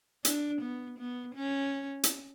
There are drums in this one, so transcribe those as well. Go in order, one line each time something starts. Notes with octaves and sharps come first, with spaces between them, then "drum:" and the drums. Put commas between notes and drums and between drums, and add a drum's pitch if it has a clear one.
D4, drum: hi-hat
B3
B3
C#4
drum: hi-hat